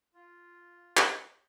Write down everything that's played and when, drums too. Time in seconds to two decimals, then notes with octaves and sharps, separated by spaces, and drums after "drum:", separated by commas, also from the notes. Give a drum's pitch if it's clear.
0.14 F4
0.97 drum: clap